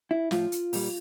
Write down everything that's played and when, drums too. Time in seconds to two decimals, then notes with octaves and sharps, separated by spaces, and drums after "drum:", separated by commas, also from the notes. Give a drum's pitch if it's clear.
0.11 E4
0.31 A2 F3 F4, drum: snare
0.52 drum: hi-hat
0.73 A#2 G3, drum: open hi-hat